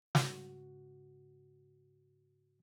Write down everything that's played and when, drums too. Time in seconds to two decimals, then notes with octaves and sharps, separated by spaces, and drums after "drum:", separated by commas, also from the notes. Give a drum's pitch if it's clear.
0.15 G#2 C#3 F#4, drum: snare